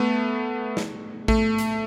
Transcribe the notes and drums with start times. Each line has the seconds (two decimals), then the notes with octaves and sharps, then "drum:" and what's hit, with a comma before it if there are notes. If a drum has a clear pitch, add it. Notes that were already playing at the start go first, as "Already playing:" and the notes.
Already playing: A3 B3
0.77 drum: snare
1.28 A3, drum: kick
1.58 drum: hi-hat